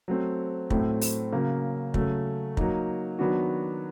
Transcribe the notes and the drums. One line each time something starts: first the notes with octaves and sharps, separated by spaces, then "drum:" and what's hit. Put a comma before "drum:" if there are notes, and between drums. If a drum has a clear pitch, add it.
F#3 A3 C4
A2 F#3 A3 C4, drum: kick
drum: open hi-hat
C#3 F#3 A#3
C#3 F#3 A3, drum: kick
F#3 A#3 D#4, drum: kick
D#3 F#3 B3 D4 F#4